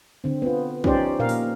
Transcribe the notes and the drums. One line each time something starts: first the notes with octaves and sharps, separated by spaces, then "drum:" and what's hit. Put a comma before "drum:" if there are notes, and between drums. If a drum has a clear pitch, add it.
D3 C4
B3 F4
F3 C#4 D#4 G4 C5 D5, drum: kick
A#2 A#4 F5
drum: open hi-hat